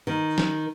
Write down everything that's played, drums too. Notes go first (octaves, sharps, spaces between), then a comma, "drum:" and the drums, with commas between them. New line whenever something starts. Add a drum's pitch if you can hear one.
D#3
drum: snare